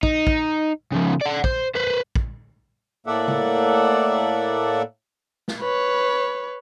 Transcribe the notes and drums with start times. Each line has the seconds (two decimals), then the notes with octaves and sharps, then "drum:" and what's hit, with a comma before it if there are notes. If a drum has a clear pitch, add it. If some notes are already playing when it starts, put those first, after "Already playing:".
0.03 D#4, drum: kick
0.27 drum: kick
0.92 C#3 F3
1.21 D5 F#5
1.44 C5, drum: kick
1.75 B4 C5
2.16 drum: kick
3.07 A2 A#3 A4 D5 E5 F#5
3.28 drum: tom C#3
5.48 drum: snare
5.60 B4 C#5